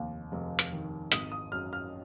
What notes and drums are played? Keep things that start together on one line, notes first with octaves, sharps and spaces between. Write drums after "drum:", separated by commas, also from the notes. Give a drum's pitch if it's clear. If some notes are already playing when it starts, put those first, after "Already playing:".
Already playing: F1 D#2
F1
drum: hi-hat
D#3
G#1 D#6, drum: hi-hat
D#6
F#2 F6
F6